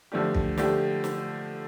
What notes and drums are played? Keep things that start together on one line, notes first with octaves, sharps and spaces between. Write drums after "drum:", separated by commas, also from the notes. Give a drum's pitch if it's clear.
D3 F3 A3 D4 G4
drum: kick
D3 F3 A3 D4 G4, drum: snare
drum: snare